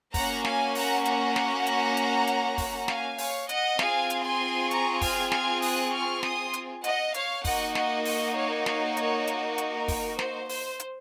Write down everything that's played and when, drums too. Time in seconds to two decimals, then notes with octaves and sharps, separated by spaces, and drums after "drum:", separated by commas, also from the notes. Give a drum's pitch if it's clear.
0.14 A#3 C#4 F#4 F#5 A#5, drum: kick, open hi-hat
0.45 F5 G#5, drum: snare
0.75 F#5 A#5, drum: open hi-hat
1.05 F#5 A#5, drum: hi-hat
1.36 drum: snare
1.66 drum: hi-hat
1.97 drum: hi-hat
2.27 drum: hi-hat
2.58 drum: kick, open hi-hat
2.88 F5 G#5, drum: snare
3.18 C#5 F5, drum: open hi-hat
3.49 D#5 F#5, drum: hi-hat
3.79 C4 F4 G#4 F5 G#5, drum: snare
4.10 drum: hi-hat
4.25 G#5 C6
4.71 A#5 C#6, drum: hi-hat
5.01 F6 G#6, drum: kick, open hi-hat
5.32 F6 G#6, drum: snare
5.62 D#6 F#6, drum: open hi-hat
5.93 C#6 F6
6.23 C6 D#6, drum: snare
6.53 drum: hi-hat
6.84 D#5 F#5, drum: hi-hat
7.14 C#5 F5, drum: hi-hat
7.45 A#3 D#4 F#4 D#5 F#5, drum: kick, open hi-hat
7.75 D#5 F#5, drum: snare
8.05 D#5 F#5, drum: open hi-hat
8.36 C#5 F5
8.66 C#5 F5, drum: snare
8.97 A#4 C#5, drum: hi-hat
9.27 drum: hi-hat
9.58 drum: hi-hat
9.73 A#4
9.88 drum: kick, open hi-hat
10.19 C5, drum: snare
10.49 C5, drum: open hi-hat
10.80 drum: hi-hat